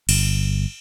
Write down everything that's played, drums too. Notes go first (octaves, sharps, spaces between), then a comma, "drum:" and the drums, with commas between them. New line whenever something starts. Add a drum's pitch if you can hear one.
G1, drum: cymbal